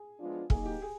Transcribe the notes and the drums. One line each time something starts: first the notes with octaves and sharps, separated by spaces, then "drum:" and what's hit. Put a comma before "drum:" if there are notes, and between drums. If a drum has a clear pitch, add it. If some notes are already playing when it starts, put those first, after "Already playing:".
Already playing: G#4
F3 G#3 B3 D4 F4
F#3 A#3 D#4 G#4, drum: kick
G4
G#4